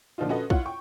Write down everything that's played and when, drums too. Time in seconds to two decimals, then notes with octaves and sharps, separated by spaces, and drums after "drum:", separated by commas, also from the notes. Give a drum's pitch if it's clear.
0.18 A#2 D3 F3 D4 D#4 F4
0.29 C#4 F4 F#4 A4 B4 D#5
0.50 E4 F4 C#5 F#5, drum: kick
0.66 G5 C#6